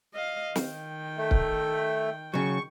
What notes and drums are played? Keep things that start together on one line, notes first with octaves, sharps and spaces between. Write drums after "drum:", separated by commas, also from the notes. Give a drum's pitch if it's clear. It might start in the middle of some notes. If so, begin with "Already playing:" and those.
D#5 F5
D#3 G5, drum: snare
A3
drum: kick C#1
C#3 F#3 C#6